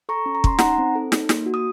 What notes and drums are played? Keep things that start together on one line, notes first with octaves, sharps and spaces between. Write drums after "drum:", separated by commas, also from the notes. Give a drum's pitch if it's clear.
A4 A#5 C#6
C#4
A#5
C#4 C6, drum: kick
D#4 F#5 A#5, drum: snare
C4
A4
D#4, drum: snare
A#3, drum: snare
F#4
D#6